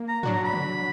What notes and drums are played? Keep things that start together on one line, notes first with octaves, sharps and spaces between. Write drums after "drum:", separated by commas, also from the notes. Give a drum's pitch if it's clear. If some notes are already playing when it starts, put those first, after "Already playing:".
Already playing: A#3
A#5
F#3 D4 F#4, drum: tom
A#5
B5
drum: tom